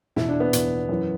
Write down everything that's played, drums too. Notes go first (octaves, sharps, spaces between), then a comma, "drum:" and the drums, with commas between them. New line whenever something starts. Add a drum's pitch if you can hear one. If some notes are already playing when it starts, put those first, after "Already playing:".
E2 B2 E4, drum: snare
D4
B3
E2 B2, drum: hi-hat
F#2 E3